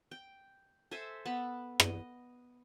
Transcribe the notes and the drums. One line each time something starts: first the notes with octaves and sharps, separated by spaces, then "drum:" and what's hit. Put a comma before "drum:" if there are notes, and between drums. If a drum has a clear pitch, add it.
G5
A4 C5 E5 G#5
B3 A5 B5
D#5, drum: rim click